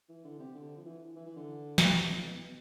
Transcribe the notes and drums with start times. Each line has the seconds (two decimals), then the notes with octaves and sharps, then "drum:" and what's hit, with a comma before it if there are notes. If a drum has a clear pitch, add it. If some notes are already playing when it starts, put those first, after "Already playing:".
0.09 E3
0.25 D3
0.40 C3
0.55 D3
0.77 F3
0.85 E3
1.16 E3
1.26 E3
1.36 D3
1.78 drum: snare
2.08 C3
2.17 A2
2.23 B2
2.38 B2